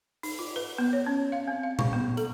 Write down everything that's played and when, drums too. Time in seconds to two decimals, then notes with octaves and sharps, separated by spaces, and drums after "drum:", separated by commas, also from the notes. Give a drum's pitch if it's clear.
0.23 D#4, drum: open hi-hat
0.39 F4
0.56 B4
0.78 B3
0.93 C#5
1.06 C#4
1.32 F5
1.48 C4
1.63 F5
1.79 C#6, drum: tom A#2
1.93 B3
2.17 A4, drum: hi-hat